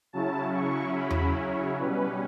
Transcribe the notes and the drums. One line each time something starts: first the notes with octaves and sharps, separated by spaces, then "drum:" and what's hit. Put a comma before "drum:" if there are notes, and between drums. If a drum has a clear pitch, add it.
C#3 F#3 C#4 E4 A5
C#6
B5
drum: tom E2
C#5
B2 G3 C#4 B4